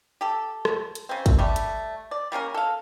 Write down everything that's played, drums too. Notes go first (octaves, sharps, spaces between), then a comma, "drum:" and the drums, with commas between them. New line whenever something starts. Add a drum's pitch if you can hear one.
G4 A4
drum: rim click
drum: hi-hat
C#3 C4
drum: kick, hi-hat
G3 A3
drum: hi-hat
D5
G3 A#3 C#4 A#4
A4 F5